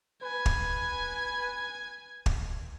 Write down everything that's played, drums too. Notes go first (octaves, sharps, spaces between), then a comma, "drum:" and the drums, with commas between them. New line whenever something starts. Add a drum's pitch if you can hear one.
B4 G#5
drum: kick
drum: kick